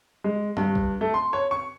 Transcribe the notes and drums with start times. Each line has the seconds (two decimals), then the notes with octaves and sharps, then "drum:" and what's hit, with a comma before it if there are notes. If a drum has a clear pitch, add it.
0.24 G#3
0.57 G2, drum: tom
0.75 drum: kick
1.01 A3
1.14 C6
1.33 C#5
1.51 C#6